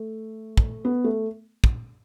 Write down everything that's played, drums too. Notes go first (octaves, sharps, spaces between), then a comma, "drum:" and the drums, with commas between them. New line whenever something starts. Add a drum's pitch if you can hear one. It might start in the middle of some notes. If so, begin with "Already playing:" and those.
Already playing: A3
drum: kick
B3
A3
drum: kick